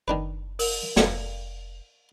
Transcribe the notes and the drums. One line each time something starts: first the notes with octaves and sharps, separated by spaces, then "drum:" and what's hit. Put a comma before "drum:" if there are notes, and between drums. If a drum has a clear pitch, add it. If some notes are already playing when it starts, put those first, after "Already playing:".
F#1 D#3 D4 B4
A#4, drum: open hi-hat
F1 F#3 C#4 A4 D5 F5 G5, drum: snare